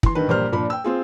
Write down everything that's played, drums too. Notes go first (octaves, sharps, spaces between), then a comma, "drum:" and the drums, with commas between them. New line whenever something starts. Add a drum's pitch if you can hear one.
E3 C6, drum: kick
G2 D#3 B4
A#1 G3 A#3 C5 F6
A#2 F3 D4 B5
G5 E6
C4 F4 G#4